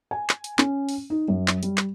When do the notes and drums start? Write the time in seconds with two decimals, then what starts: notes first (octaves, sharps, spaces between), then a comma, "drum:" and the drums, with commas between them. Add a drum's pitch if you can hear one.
0.11 G#5
0.29 drum: clap
0.44 drum: hi-hat
0.59 C#4, drum: clap
0.89 drum: open hi-hat
1.10 D#4
1.28 F#2
1.48 drum: clap
1.63 G3, drum: hi-hat
1.77 drum: clap